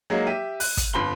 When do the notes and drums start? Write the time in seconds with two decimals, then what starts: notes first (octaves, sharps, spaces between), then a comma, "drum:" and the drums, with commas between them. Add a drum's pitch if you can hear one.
0.10 F#3 G#3 A#3 D#4
0.27 G4 E5 D#7
0.60 F#6, drum: open hi-hat
0.77 drum: kick, hi-hat
0.93 G1 F2 B5 C6 G7